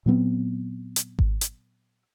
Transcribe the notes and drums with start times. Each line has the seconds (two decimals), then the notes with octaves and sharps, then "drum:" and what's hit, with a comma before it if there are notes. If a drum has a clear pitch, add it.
0.06 A#2 F#3 B3 C4
0.96 drum: hi-hat
1.19 drum: kick G#1
1.41 drum: hi-hat